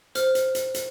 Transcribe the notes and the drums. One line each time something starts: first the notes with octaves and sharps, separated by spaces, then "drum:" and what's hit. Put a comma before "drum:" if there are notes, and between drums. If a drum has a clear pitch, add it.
C5 F6, drum: hi-hat
drum: hi-hat
drum: hi-hat
drum: hi-hat